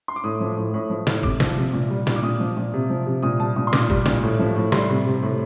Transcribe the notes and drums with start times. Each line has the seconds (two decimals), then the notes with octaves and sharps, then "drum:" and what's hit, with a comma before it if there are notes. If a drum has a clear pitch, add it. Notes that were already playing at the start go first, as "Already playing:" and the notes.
0.08 C6
0.16 D6
0.24 A2 D#6
0.40 F3
0.57 A2
0.74 A2
0.90 F3
1.07 A2, drum: snare
1.23 C3 D6, drum: kick
1.40 F3, drum: snare
1.57 C3
1.73 A#2
1.90 G3
2.07 A#2, drum: snare
2.16 D6
2.23 A#2 D#6
2.40 F3
2.57 A#2
2.74 C3
2.90 F3
3.07 C3
3.22 A#2 D#6
3.40 G3 A5
3.56 A#2 D#6
3.67 C6
3.73 A#2 D6, drum: snare
3.90 G3, drum: kick
4.06 A#2, drum: snare
4.23 A2
4.39 F3
4.56 A2
4.72 G3 C6, drum: snare
4.89 C3
5.06 C3
5.22 A2